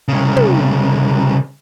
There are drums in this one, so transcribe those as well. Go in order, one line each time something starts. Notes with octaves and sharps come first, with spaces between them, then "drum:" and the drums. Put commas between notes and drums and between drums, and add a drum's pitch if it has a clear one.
C2 C#3
drum: tom